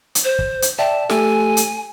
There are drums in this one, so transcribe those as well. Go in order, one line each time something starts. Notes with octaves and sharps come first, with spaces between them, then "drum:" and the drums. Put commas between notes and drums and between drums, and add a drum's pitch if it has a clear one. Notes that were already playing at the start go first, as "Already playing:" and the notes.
drum: hi-hat
C5
drum: kick
drum: hi-hat
D5 E5 G5 A5
A3 G4 A4 G#5, drum: snare
drum: hi-hat